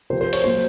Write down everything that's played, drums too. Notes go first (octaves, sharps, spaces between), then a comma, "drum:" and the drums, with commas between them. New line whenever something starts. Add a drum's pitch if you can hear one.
C3 F3 C5
C5
C#5, drum: open hi-hat
A#2 F#3 C5